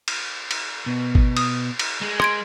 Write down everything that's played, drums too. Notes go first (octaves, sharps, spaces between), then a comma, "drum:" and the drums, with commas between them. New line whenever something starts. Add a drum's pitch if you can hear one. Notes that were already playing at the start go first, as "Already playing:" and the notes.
drum: cymbal
drum: cymbal
B2
drum: kick G#1
D#6, drum: cymbal
drum: cymbal
G#3
C6 G#6 D7, drum: rim click